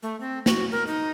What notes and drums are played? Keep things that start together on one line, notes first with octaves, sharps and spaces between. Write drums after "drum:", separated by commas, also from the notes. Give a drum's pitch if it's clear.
A3
C4
F#4, drum: snare
A#4
D#4